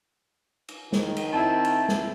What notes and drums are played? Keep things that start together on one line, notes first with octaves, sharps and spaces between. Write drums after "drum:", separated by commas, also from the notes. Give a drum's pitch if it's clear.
drum: cymbal
D#3, drum: snare
drum: cymbal
C4 E4 A5
drum: cymbal
drum: snare